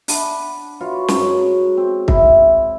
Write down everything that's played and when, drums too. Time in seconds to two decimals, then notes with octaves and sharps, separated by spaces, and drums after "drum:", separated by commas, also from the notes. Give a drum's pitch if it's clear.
0.08 D4 F#5 B5, drum: open hi-hat
0.81 F4 F#4 B4 C#5
1.08 G#2 F#3, drum: snare
1.77 C4
2.08 E4, drum: kick C2